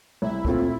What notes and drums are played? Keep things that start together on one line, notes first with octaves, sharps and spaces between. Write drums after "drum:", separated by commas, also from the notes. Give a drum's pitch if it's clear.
C2 E4
A#2 A3 C4 F4, drum: kick